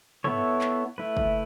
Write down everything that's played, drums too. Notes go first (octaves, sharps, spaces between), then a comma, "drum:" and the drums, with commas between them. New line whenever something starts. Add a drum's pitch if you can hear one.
B3 E4 A4 C#5, drum: tom
drum: clap
A3 E4 B4
drum: kick